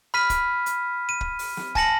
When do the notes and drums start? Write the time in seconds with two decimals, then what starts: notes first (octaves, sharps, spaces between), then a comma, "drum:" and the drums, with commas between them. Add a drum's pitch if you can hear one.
0.14 B5 F6 B6 D#7
0.30 drum: kick, hi-hat
0.66 drum: hi-hat
1.09 D#7
1.21 drum: kick
1.39 drum: open hi-hat
1.57 drum: snare
1.75 G#5 A5 A#6 C#7 F#7, drum: kick